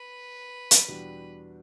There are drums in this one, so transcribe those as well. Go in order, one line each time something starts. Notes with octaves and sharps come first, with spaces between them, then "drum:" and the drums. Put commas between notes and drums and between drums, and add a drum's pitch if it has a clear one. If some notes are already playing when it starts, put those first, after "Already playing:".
Already playing: B4
drum: hi-hat
E2 B2 G3 D4 G4